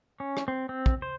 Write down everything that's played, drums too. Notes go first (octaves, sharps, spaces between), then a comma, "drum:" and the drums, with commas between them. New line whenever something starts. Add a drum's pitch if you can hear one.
C#4
drum: rim click
C4
C4
drum: kick
C5